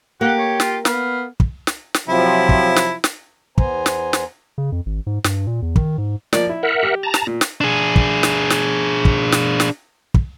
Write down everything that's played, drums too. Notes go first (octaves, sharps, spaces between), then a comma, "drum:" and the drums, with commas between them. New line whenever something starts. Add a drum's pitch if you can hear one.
A#3 G4 F#5
C#5
F4, drum: snare
B3 F5, drum: snare
drum: kick
drum: snare
drum: snare
C3 F3 F#3 E4
drum: kick
drum: snare
drum: snare
E2 B3 C5 G#5 A#5, drum: kick
drum: snare
drum: snare
C#3
F2
G#1
G#2
G2, drum: snare
A#2
E2
D#3, drum: kick
G#2
F3 A#3 D5, drum: snare
E4
A#4 E5 F#5
G4
A5 A#5
drum: snare
A#2
drum: snare
D4 G#4
drum: kick
drum: snare
drum: snare
drum: kick
drum: snare
drum: snare
drum: kick